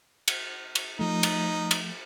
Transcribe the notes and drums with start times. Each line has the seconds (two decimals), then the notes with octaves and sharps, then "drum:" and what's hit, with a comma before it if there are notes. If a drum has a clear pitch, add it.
0.28 drum: cymbal
0.75 drum: cymbal
0.99 F3 A3 D#4
1.23 drum: cymbal
1.71 drum: cymbal